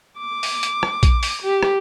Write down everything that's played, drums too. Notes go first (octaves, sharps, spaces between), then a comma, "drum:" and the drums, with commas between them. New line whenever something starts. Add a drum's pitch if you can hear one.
D6
drum: open hi-hat
drum: hi-hat
drum: rim click
drum: kick A#1, hi-hat
drum: open hi-hat
G4
drum: rim click